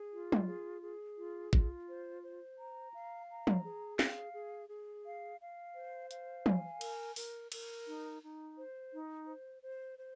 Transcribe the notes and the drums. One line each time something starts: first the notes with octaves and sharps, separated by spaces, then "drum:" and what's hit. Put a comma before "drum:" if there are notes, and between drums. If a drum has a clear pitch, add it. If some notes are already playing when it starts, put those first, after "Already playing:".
Already playing: G#4
F4
drum: tom
G#4
G#4
F4
F4, drum: kick
C5
C5
A#5
F5
A#5
drum: tom
G#4
F5, drum: snare
G#4
G#4
F5
F5
C5
F5, drum: hi-hat
G#5, drum: tom
A#4, drum: cymbal
A#4, drum: open hi-hat
A#4, drum: cymbal
D#4
D#4
C5
D#4
C5
C5
C5